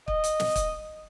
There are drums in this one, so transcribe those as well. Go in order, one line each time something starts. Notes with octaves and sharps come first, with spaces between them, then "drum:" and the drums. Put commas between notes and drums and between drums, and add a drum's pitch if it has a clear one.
D#5, drum: kick
drum: hi-hat
drum: snare
drum: kick, hi-hat